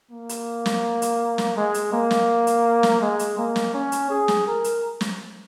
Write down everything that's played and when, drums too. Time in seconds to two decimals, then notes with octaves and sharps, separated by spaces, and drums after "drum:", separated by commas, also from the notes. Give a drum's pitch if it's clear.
0.11 A#3
0.29 drum: hi-hat
0.66 drum: snare
1.02 drum: hi-hat
1.38 drum: snare
1.56 G#3
1.74 drum: hi-hat
1.92 A#3
2.11 drum: snare
2.47 drum: hi-hat
2.83 drum: snare
3.01 G#3
3.19 drum: hi-hat
3.38 A#3
3.56 drum: snare
3.74 C#4
3.92 drum: hi-hat
4.10 G#4
4.28 drum: snare
4.47 A#4
4.64 drum: hi-hat
5.01 drum: snare